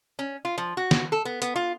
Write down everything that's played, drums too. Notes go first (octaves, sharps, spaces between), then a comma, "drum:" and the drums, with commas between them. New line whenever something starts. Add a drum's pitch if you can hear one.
C#4
F4
F3
F#4
drum: snare
A4
B3
B3, drum: hi-hat
F4